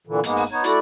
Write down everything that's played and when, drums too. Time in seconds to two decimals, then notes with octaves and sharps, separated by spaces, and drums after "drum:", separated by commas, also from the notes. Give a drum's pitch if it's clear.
0.07 A#2 D3 E3
0.24 G#2 G#3 A#3 B3, drum: hi-hat
0.37 drum: open hi-hat
0.52 B3 D#4 C#5
0.64 A3 E4 F#4 D5, drum: hi-hat